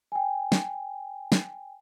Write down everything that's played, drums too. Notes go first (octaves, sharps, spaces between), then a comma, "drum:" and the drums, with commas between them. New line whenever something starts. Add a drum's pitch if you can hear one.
G5 G#5
drum: snare
drum: snare